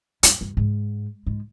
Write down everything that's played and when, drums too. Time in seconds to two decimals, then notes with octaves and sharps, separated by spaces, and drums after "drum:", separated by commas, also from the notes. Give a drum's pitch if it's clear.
0.23 F#2, drum: hi-hat
0.41 G2
0.57 G#2
1.27 G#2